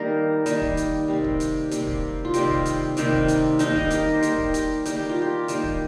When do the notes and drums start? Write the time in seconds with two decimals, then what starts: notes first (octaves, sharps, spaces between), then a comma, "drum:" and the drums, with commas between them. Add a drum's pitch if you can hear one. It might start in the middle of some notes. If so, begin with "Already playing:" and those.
Already playing: D#3 G3 A#3 A#4
0.46 D#3 G3 A#3, drum: hi-hat
0.62 drum: kick
0.77 drum: hi-hat
1.08 C3 G3 A#3
1.24 drum: kick
1.40 drum: hi-hat
1.71 C3 G3 A#3, drum: hi-hat
1.87 drum: kick
2.25 F4
2.34 C3 D#3 G3 A#3 G4, drum: hi-hat
2.50 drum: kick
2.66 drum: hi-hat
2.97 C3 D#3 G3 A#3, drum: hi-hat
3.13 drum: kick
3.28 drum: hi-hat
3.59 D#3 G3 A#3 D#4, drum: hi-hat
3.75 D#4, drum: kick
3.85 A#4
3.91 G4, drum: hi-hat
4.15 C5
4.23 D#3 G3 A#3 A#4, drum: hi-hat
4.38 drum: kick
4.54 G4, drum: hi-hat
4.85 D#3 G3 A#3 A#4, drum: hi-hat
4.97 G4
5.09 F4
5.22 G4
5.48 D#3 G3 A#3, drum: hi-hat
5.64 drum: kick